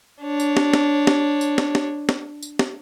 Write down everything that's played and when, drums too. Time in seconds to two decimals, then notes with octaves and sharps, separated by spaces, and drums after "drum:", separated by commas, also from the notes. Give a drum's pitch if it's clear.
0.23 D4 C#5
0.40 drum: tambourine
0.57 drum: snare
0.73 drum: snare
1.07 drum: snare
1.41 drum: tambourine
1.58 drum: snare
1.75 drum: snare
2.09 drum: snare
2.42 drum: tambourine
2.59 drum: snare